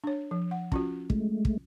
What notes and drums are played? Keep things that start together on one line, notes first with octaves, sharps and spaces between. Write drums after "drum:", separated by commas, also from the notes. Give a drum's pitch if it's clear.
D4 C#5
F3
F#5
C#4 F4 F#4, drum: kick
G#3 A3, drum: kick
drum: kick